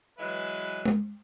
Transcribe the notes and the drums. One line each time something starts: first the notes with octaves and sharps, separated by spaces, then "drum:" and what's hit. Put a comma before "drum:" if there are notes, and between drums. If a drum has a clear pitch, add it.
E3 F#3 G#3 B4 E5
drum: tom